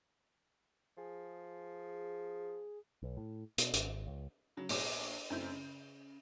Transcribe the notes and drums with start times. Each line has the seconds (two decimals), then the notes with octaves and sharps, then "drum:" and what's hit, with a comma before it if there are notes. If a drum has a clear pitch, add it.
0.98 F3 G#4
3.02 B1
3.17 A2
3.58 B2, drum: hi-hat
3.74 G#1, drum: hi-hat
4.07 C#2
4.57 C#3 F#3
4.69 A#1 B3 G#4 C#5 D6, drum: open hi-hat
5.30 F#2 C#3 A3 C4 E4 G6
5.52 C#3